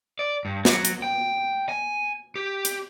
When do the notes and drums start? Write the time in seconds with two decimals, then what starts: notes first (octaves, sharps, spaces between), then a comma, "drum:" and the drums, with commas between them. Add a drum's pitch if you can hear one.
0.19 D5
0.45 G2
0.65 F#3, drum: snare
0.85 drum: hi-hat
1.02 G5
1.69 G#5
2.36 G4
2.65 drum: hi-hat